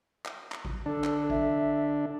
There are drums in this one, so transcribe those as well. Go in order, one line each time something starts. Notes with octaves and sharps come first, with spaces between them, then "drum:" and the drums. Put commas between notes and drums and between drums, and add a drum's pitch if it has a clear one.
drum: clap
drum: clap
drum: kick G#1
D3 D4 A4
drum: clap
E5, drum: kick G#1